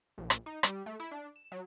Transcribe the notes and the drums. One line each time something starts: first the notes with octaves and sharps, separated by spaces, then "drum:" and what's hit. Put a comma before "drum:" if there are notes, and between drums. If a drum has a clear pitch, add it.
A#1
drum: rim click
D#4
G3, drum: rim click
A3
E4
D4
E7
F#3